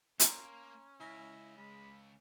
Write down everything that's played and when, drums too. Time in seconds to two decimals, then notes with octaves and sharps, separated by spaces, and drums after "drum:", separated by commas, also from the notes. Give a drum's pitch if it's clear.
0.20 A#3 C#4 A#5 C6, drum: hi-hat
1.00 C#2 E4 G#5 A#6 B6
1.58 G#3 B5